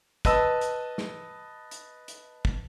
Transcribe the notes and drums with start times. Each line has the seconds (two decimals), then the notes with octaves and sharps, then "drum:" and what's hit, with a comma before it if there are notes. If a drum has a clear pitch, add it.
0.25 B4 D#5 A5 E6, drum: kick, hi-hat
0.61 drum: hi-hat
0.98 drum: snare
1.71 drum: hi-hat
2.08 drum: hi-hat
2.45 drum: kick